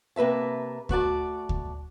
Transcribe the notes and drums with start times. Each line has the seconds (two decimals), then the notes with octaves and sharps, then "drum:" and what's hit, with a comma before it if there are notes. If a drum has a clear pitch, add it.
0.16 C3 A#3 B4 E5 A5
0.89 A3 F#4 D5 A5, drum: kick D2
1.49 drum: kick D2